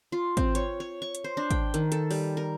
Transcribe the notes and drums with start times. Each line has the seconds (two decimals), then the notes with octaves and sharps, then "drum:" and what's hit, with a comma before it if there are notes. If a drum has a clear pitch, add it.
0.12 F4
0.37 C4, drum: kick, hi-hat
0.55 C#5, drum: hi-hat
0.80 C#5
1.02 C#6
1.15 drum: hi-hat
1.24 C5
1.37 D4
1.51 G5, drum: kick, hi-hat
1.74 D#3, drum: hi-hat
1.92 A4, drum: hi-hat
2.11 G3, drum: open hi-hat
2.37 A#4